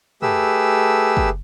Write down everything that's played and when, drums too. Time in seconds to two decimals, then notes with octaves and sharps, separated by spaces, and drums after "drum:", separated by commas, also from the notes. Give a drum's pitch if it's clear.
0.22 A3 G4 G#4 B4 E6, drum: tom
1.17 drum: kick